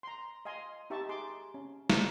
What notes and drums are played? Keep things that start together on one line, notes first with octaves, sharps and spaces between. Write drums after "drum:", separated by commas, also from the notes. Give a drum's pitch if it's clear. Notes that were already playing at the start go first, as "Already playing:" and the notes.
A#5 C6
D#5 F5 G#5 C6
D#4 G4 E5 A5 C#6
G#4 C6 D6
C#4
drum: snare